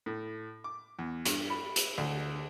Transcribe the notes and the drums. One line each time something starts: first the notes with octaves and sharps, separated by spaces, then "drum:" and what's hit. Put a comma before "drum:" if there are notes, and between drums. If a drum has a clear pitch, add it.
A2
D6
E2
G2, drum: hi-hat
B5
drum: hi-hat
D2